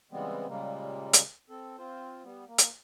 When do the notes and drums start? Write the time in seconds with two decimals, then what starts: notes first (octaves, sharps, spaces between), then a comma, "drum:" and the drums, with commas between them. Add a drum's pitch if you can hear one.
0.12 C#3 E3 G3 G#3 B3 C4
0.48 A#2 C#3 G3 G#3 A#3
1.13 drum: hi-hat
1.50 C4 A4
1.78 C4 F4 C5
2.24 G3 B3
2.47 A#3
2.58 drum: hi-hat